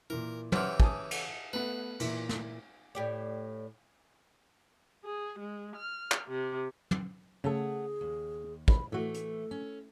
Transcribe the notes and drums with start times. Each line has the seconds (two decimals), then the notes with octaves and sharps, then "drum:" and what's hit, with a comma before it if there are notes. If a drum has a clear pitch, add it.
0.10 A#2 E3 A#4
0.52 C#3 E3 G4 C5 F#5 F6, drum: tom
0.80 G#5 A5 D#6, drum: kick
1.11 drum: cymbal
1.53 A3 B3 B4
2.00 A#2 E3 E5, drum: cymbal
2.29 drum: snare
2.95 A2 G4 D5
5.04 G#4
5.39 G#3
5.76 F6
6.12 drum: clap
6.27 C3
6.91 drum: tom
7.44 C#3 A3 G#4 A4 C#5 F#5
8.01 D#2
8.68 B5, drum: kick
8.92 A2 E3 A3 F#4 A4
9.14 drum: hi-hat
9.51 C#4